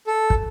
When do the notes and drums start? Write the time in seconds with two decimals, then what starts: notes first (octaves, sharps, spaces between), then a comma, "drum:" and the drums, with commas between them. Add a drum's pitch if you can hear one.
0.07 A4
0.30 drum: kick